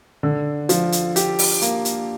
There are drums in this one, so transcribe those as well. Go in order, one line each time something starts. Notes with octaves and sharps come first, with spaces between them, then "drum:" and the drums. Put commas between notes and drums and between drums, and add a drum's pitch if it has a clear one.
D3
F3, drum: hi-hat
drum: hi-hat
G4, drum: hi-hat
drum: open hi-hat
A#3, drum: hi-hat
drum: hi-hat